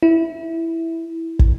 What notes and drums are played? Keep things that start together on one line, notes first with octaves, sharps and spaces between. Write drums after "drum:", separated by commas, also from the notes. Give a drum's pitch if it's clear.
E4
drum: kick